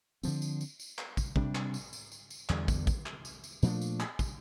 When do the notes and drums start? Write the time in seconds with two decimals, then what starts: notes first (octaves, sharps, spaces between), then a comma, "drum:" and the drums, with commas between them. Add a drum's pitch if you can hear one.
0.23 D3 F3 C4, drum: tambourine
0.42 drum: tambourine
0.61 drum: tambourine
0.80 drum: tambourine
0.98 drum: clap
1.17 drum: kick, tambourine
1.36 C3 G3 D4, drum: kick
1.55 drum: clap
1.74 drum: tambourine
1.93 drum: tambourine
2.12 drum: tambourine
2.31 drum: tambourine
2.49 E2 D3 G3, drum: clap
2.68 drum: kick, tambourine
2.87 drum: kick, tambourine
3.06 drum: clap
3.25 drum: tambourine
3.44 drum: tambourine
3.63 A#2 F3 A3 D4, drum: tambourine
3.81 drum: tambourine
4.00 drum: clap
4.19 drum: kick, tambourine